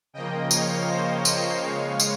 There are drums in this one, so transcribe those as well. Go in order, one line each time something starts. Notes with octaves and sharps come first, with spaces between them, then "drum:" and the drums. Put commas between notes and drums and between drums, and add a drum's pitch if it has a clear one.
C#3 F3 A#3 D#5 G5
C#5 F5, drum: tambourine
C5 D#5
C5 D#5, drum: tambourine
C#3 G#3 C#5 F5
drum: tambourine